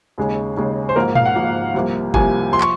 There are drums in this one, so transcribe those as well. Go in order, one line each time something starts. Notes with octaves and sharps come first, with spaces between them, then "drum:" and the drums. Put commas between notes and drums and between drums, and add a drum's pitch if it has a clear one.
D#2 C#3 G#3
D#2 C#3 G#3
C5
G#1 G#2 F3 A#3 A#4
F5, drum: tom A#2
F#5
G#1 G#2 F3 A#3
C2 C3 F3 A#3
C2 C3 F3 A#3 G#5, drum: kick
F3 C6
C#6, drum: clap